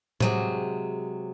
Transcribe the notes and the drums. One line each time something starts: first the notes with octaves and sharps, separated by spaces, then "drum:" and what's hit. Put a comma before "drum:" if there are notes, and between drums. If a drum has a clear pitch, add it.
C3 F#3 G#3, drum: tom A2